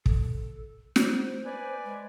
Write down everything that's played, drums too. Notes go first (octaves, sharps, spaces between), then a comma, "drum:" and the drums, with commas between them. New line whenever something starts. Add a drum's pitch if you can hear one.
A4, drum: kick
C5, drum: snare
B4 D5 G#5
G#3